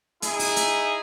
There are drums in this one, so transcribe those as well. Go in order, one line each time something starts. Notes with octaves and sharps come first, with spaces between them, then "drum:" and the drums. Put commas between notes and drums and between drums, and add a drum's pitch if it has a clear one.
D#4 E4 G#4, drum: hi-hat
drum: open hi-hat
drum: hi-hat